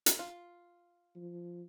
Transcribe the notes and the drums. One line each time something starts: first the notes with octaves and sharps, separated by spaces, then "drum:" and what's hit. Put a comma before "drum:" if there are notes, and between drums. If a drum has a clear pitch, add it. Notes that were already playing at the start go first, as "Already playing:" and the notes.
drum: hi-hat
F4
F3